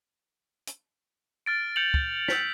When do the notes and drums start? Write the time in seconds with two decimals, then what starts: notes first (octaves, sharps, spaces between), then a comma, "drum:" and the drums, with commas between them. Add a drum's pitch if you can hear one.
0.67 drum: hi-hat
1.46 F6 A6 D7
1.76 G6 C#7 D7 F7 F#7
1.94 drum: kick
2.28 E6 G6 A6 B6, drum: snare